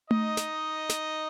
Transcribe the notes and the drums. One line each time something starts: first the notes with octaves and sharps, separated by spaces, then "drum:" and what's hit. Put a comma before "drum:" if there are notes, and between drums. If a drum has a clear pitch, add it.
D#4 D#5, drum: tom A3
drum: snare
drum: snare